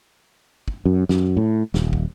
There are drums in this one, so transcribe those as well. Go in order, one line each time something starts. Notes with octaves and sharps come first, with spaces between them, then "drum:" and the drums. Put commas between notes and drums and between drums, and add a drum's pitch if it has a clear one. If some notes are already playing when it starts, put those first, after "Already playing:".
drum: kick
F#2
F#2, drum: snare
A2
D#1, drum: snare
drum: kick